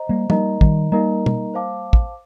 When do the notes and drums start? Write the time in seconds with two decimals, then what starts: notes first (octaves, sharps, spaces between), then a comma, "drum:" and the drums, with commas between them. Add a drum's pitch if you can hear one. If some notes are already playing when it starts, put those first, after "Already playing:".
Already playing: C5 D#5 A#5
0.09 G3 A#3
0.30 G3 A#3 D#4 A#4 D#5 A#5, drum: tom
0.61 D#3 G3, drum: kick
0.92 G3 A#3 D#4 A#4 D#5 A#5
1.26 drum: tom
1.54 C5 F5 A5 D6
1.93 drum: kick